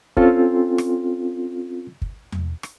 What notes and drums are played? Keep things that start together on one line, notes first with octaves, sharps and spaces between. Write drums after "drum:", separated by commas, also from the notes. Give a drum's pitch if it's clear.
C4 C#4 F4 A4, drum: kick
drum: rim click
drum: kick
drum: tom E2
drum: rim click